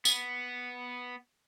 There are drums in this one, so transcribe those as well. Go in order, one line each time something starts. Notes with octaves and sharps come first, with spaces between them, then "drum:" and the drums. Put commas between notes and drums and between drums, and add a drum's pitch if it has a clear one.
B3, drum: tambourine